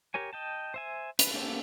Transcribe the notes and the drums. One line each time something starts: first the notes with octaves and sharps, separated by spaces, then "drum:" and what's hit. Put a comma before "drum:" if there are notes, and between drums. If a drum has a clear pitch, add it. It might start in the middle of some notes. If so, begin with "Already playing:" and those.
G4 A#4 C#5 G#5
D#5 G5 A5
C5 E5 G#5
B4, drum: hi-hat
A#3 B3 C#4 G4 A4